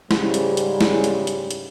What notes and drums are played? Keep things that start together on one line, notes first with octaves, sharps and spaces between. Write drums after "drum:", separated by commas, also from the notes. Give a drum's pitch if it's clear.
G#2 C#3 G3, drum: snare
drum: hi-hat
drum: hi-hat
drum: snare
drum: hi-hat
drum: hi-hat
drum: hi-hat